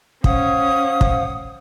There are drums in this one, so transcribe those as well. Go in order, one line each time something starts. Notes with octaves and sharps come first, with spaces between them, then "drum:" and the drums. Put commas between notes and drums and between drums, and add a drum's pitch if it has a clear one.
C#4 C5 F5 F#5 D#6, drum: kick
drum: kick